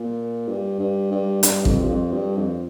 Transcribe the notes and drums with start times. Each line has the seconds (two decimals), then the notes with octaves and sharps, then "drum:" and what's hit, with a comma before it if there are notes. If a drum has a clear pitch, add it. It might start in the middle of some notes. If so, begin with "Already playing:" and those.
Already playing: A#2
0.48 G2
0.79 G2
1.11 G2
1.43 G2, drum: hi-hat
1.65 F2, drum: kick A1
1.83 G2
1.89 F2
2.12 G2
2.37 F2